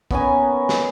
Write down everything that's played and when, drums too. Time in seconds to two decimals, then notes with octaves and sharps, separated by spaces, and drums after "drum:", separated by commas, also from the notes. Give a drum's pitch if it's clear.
0.11 B3 C#4 A#4 G#5, drum: kick
0.69 drum: snare